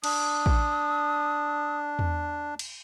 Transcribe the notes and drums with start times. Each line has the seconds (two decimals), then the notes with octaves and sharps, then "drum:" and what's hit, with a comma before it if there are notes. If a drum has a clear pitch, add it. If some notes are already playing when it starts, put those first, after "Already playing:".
0.04 D4 D#6, drum: cymbal
0.46 drum: kick
1.99 drum: tom E2
2.59 drum: cymbal